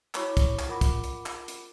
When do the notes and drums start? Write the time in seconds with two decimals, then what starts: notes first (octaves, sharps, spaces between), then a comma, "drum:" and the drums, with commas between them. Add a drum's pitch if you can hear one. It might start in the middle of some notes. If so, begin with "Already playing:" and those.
0.15 E4 F#4 C#5 B5 C#6 D6, drum: clap
0.37 drum: kick, hi-hat
0.59 drum: clap
0.68 F4 A#4 F#5 B5 D6
0.81 drum: kick, hi-hat
1.04 drum: hi-hat
1.26 drum: clap
1.48 drum: hi-hat